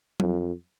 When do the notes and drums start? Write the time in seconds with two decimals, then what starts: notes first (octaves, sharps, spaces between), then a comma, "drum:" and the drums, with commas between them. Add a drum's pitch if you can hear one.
0.20 F2, drum: tom F#3